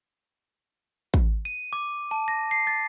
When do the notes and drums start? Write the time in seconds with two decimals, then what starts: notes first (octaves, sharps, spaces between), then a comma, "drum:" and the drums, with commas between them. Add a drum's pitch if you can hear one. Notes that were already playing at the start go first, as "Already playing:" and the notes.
1.14 drum: kick
1.45 D#7
1.73 D6
2.11 A5
2.28 A#6
2.51 C7
2.67 A6